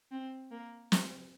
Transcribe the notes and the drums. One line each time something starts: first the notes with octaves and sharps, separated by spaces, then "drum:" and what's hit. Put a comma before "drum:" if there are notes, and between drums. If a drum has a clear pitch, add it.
C4
A#3
C4, drum: snare